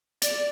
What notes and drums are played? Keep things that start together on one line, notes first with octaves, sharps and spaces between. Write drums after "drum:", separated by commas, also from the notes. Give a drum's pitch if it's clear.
D5, drum: hi-hat